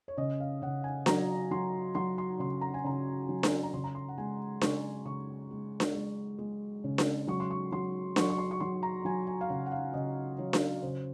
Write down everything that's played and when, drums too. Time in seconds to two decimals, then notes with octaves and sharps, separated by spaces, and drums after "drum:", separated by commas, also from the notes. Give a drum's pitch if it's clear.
0.08 C#5
0.17 C#3 D#5
0.40 F5
0.62 C#3 F#5
0.84 G#5
1.06 F#3 A#5, drum: snare D4
1.51 F#3 C6
1.95 F#3 C6
2.18 C6
2.39 C#3 C6
2.61 A#5
2.74 G#5
2.84 C#3 A#5
3.29 F#3
3.43 drum: snare D4
3.63 A#5
3.73 C#3 C6
3.84 A#5
3.95 C6
4.08 F#5
4.18 G#3 G#5
4.61 C#3 C#6, drum: snare D4
5.05 C#3 C#6
5.51 G#3
5.80 drum: snare D4
5.94 G#3
6.38 G#3
6.84 C#3
6.98 drum: snare D4
7.27 F#3 C#6
7.40 C6
7.50 C#6
7.72 F#3 C6
8.16 F#3 C#6, drum: snare D4
8.30 C#6
8.38 C6
8.51 C#6
8.60 F#3 C6
8.83 A#5
9.05 F#3 G#5
9.27 G#5
9.41 F5
9.49 C#3 F#5
9.66 F#5
9.72 F5
9.94 C#3 D#5
10.38 F#3 C#5
10.53 drum: snare D4
10.82 C#3 C5